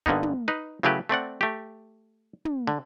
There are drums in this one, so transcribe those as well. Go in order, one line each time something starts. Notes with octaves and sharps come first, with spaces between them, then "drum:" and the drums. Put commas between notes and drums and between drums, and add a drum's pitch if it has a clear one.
G2 D3 A#3 B3 D#4, drum: kick
drum: tom
D#4 B4
C#3 F#3 A3 E4 G4 B4
A3 C4 D5 F#5
A3 G4
drum: tom
D3